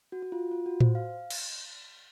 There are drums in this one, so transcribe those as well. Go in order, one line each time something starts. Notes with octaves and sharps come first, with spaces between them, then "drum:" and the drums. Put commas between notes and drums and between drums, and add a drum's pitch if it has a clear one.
F#4
F#4
F4
F4
F#4
C5, drum: tom A2
F5
drum: cymbal